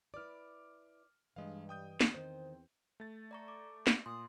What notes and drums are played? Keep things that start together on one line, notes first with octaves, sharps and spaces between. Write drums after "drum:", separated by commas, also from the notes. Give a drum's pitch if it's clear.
E4 B4 D5 D6 F6
G2 E3 G#3 D#5 F5
G5 D#6 G6
drum: snare
E2 D#3 C4 C5
A3 A6
D5 A#5 C#6
D6
drum: snare
A#2 C6 D#6